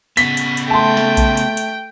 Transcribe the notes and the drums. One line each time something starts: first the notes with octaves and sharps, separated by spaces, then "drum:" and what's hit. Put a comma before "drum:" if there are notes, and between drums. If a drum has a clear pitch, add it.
C#3 B3 B6, drum: hi-hat
drum: hi-hat
drum: hi-hat
A3 G5 A5 C6
drum: snare
drum: kick A#1, hi-hat
drum: hi-hat
drum: hi-hat